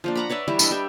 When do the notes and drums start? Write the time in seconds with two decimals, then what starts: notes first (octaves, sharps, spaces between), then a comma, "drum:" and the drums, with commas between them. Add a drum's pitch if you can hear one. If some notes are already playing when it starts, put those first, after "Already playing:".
0.04 F3 A#3 D4
0.16 F#5 A#5 B5
0.30 B4 C#5 D5 E5
0.48 E3 G3 E4
0.59 D4 D#5 E5, drum: tambourine
0.71 G3 E5 G5